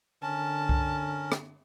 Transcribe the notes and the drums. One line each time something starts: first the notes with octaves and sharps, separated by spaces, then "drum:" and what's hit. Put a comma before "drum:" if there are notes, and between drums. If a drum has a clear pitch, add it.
D3 C#4 A#4 A5
drum: kick C2
drum: rim click